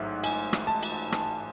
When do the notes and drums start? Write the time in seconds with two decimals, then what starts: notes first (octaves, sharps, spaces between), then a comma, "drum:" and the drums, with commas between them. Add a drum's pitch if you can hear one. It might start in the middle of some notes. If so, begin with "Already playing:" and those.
Already playing: A1 G#2 F#3 E5
0.24 G#5, drum: cymbal
0.53 drum: rim click
0.67 A5
0.83 drum: cymbal
1.12 drum: rim click